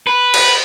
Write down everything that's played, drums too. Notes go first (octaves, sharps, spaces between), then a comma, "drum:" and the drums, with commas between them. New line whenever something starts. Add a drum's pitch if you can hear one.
B4
drum: cymbal